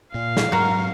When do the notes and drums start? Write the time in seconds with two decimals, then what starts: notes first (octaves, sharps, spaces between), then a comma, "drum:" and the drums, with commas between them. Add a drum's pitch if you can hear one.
0.14 A#2 F5
0.37 drum: snare
0.52 G#2 F#3 F#4 A#4